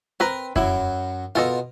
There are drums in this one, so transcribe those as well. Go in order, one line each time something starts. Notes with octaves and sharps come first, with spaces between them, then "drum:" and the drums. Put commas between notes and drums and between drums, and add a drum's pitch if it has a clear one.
C4 A#4 B4 A#5
F#2 F#3 E4, drum: kick F2
B2 F4 A4 A#4 D#5